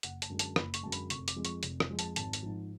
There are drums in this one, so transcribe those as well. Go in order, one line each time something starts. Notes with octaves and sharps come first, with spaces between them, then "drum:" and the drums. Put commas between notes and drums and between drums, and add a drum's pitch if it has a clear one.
F#1 F#5, drum: hi-hat
A5, drum: hi-hat
F#2 D3 G#3
A5, drum: hi-hat
F#1 B5, drum: rim click
C#6, drum: hi-hat
F#2 D3 G#3 A5
B5, drum: hi-hat
F1 C#6, drum: hi-hat
D6, drum: hi-hat
F2 F3 G#3
C#6, drum: hi-hat
F1, drum: hi-hat
drum: rim click
F2 F3 G#3
A5, drum: hi-hat
G#1 A5, drum: hi-hat
drum: hi-hat
G#2 F3